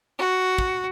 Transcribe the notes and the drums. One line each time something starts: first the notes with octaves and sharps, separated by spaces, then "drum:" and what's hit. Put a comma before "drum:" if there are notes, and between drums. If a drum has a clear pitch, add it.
F#4
drum: kick